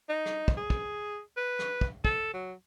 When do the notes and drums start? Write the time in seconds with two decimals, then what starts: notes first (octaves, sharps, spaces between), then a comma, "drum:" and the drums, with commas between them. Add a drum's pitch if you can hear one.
0.09 D#4
0.26 drum: rim click
0.48 drum: kick
0.57 G#4
0.70 drum: kick
1.37 B4
1.59 drum: rim click
1.81 drum: kick
2.05 A4, drum: kick
2.34 F#3